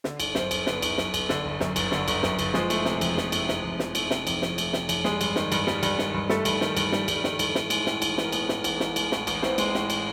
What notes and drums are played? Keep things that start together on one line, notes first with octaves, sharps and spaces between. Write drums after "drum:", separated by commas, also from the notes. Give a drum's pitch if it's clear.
D3, drum: snare
G1, drum: cymbal
F#2 C4 C5, drum: snare
G1, drum: cymbal
D3 B3 B4, drum: snare
G1, drum: cymbal
F#2, drum: snare
G1, drum: cymbal
D3, drum: snare
G1
F#2, drum: snare
G1, drum: cymbal
D3, drum: snare
G1, drum: cymbal
F#2, drum: snare
G1, drum: cymbal
F3 G#3 G#4, drum: snare
A3, drum: cymbal
C3, drum: snare
F2, drum: cymbal
F3, drum: snare
A3, drum: cymbal
C3, drum: snare
F2
F3, drum: snare
A3, drum: cymbal
C3, drum: snare
F2, drum: cymbal
F3, drum: snare
A3, drum: cymbal
C3, drum: snare
F2, drum: cymbal
G3 G#3 G#4, drum: snare
G2, drum: cymbal
D#3, drum: snare
G2, drum: cymbal
G3, drum: snare
G2, drum: cymbal
D#3, drum: snare
G2
G3 A3 A4, drum: snare
G2, drum: cymbal
D#3, drum: snare
G2, drum: cymbal
G3, drum: snare
G2, drum: cymbal
D#3, drum: snare
G2, drum: cymbal
E3, drum: snare
G#3, drum: cymbal
A2, drum: snare
A1, drum: cymbal
E3 B4, drum: snare
A#4
G#3 B3 B4, drum: cymbal
A2, drum: snare
A1, drum: cymbal
E3, drum: snare
G#3, drum: cymbal
A2, drum: snare
A1, drum: cymbal
E3 C4 C5, drum: snare
G#3, drum: cymbal
A2, drum: snare
drum: cymbal